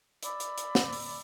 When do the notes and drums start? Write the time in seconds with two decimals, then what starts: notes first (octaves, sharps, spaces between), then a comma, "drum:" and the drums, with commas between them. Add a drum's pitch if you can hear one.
0.23 D5 B5 D6 E6, drum: hi-hat
0.40 drum: hi-hat
0.58 drum: hi-hat
0.75 drum: snare
0.93 drum: open hi-hat